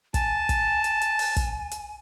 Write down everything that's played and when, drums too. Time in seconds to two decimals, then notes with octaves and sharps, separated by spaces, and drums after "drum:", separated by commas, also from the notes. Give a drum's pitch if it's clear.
0.14 G#5 A5, drum: kick, hi-hat
0.49 drum: kick, hi-hat
0.84 drum: hi-hat
1.01 drum: hi-hat
1.19 drum: open hi-hat
1.36 drum: kick, hi-hat
1.71 drum: hi-hat